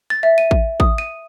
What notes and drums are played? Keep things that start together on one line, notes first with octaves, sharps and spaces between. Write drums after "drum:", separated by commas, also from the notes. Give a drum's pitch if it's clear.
A6
E5
D#7
drum: kick A1
D#6, drum: kick A1
D#7